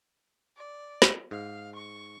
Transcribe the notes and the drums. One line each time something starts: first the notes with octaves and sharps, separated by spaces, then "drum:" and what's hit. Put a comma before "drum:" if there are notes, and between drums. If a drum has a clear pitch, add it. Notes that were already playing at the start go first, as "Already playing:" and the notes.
D5
drum: snare
G#2 F5
C#6